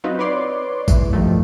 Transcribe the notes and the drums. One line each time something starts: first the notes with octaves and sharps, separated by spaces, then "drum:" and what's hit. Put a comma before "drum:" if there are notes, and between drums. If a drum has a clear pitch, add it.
F#3 C4 D#4 F4 F#4 B4
B4 C#5 D5 C6 D6
E2 E3, drum: kick A1, tambourine
G2 D#3 F3 A3